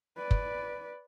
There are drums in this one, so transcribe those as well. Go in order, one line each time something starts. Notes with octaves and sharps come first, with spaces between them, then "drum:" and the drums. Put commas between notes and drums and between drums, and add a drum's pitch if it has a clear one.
B4 D5
drum: kick